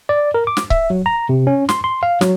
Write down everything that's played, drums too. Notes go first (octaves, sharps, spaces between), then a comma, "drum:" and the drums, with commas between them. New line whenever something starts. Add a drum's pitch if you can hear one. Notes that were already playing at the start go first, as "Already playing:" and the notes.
D5
A#4
D6
drum: snare
E5, drum: kick C#1
F#3
A#5
C3
C#4
C6, drum: snare
C6
F5
F#3, drum: snare